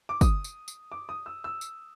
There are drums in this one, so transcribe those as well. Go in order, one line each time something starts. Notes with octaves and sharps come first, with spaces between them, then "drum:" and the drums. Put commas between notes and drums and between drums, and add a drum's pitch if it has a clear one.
D6
D#6, drum: kick, tambourine
drum: tambourine
drum: tambourine
D6
D#6
E6
E6
drum: tambourine